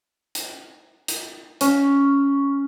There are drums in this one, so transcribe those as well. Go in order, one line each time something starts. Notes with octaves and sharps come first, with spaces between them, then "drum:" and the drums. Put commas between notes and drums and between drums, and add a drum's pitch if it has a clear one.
drum: hi-hat
drum: hi-hat
C#4, drum: hi-hat